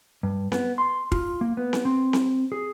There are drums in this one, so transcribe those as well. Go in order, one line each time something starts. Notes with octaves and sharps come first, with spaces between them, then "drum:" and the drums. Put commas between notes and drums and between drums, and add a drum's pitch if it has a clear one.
G2
B3, drum: snare C4
C6
F4, drum: kick
A#3
B3
drum: snare C4
C4
drum: snare C4
G#4